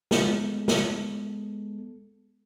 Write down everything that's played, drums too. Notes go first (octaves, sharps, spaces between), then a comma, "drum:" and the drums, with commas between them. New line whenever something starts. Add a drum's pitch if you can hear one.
G#3 B3 A4, drum: snare
drum: snare